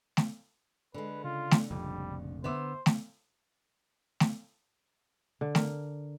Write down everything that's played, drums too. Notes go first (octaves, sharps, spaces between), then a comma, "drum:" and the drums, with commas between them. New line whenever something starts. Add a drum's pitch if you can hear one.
drum: snare A3
D3 G#3 B4
C#3 F4
drum: snare A3
F1 A#1 F2 G3
D3 B3 C5 E5 D6 E6
drum: snare A3
drum: snare A3
D3
A#4, drum: snare A3